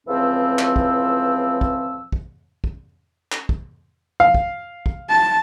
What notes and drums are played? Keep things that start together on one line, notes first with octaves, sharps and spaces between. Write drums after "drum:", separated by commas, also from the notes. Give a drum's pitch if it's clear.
C#2 A2 E3 F3 C4 E6
drum: clap
drum: kick
drum: kick
drum: kick
drum: kick
drum: clap
drum: kick
F5
drum: kick
drum: kick
A5